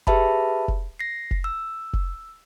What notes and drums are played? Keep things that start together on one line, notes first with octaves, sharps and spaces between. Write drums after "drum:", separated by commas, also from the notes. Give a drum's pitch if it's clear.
G4 G#4 B4 E5 A5 B5, drum: kick F1
drum: kick F1
A#6 C7
drum: kick F1
E6
drum: kick F1